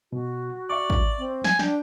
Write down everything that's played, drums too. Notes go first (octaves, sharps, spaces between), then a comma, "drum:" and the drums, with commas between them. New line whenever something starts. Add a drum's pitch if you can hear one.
B2 F#4
D5 E5 C#6 D6
drum: kick
C4
G#5, drum: snare
D4 G5, drum: snare